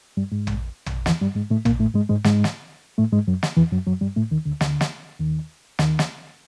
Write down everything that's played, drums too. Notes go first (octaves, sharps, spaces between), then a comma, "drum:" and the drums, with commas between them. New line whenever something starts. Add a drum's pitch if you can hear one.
G2 G3
G#2 G#3
drum: tom
drum: tom
E2 E3, drum: snare
G2 G3
G#2 G#3
A2 A3
A#2 A#3, drum: tom
A2 A3
G#2 G#3
G#2 G#3
G#2 G#3, drum: snare
drum: snare
A2 A3
G#2 G#3
F#2 F#3
drum: snare
E2 E3
F#2 F#3
F#2 F#3
G2 G3
A2 A3
D#2 D#3
D2 D3
D2 D3, drum: snare
drum: snare
D#2 D#3
D#2 D#3, drum: snare
drum: snare